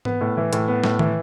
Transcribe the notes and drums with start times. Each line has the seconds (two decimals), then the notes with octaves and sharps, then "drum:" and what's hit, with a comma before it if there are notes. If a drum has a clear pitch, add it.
0.05 B3, drum: tom G#2
0.21 A2
0.37 E3
0.53 A2, drum: hi-hat
0.68 B3
0.84 A2, drum: snare
0.99 E3, drum: tom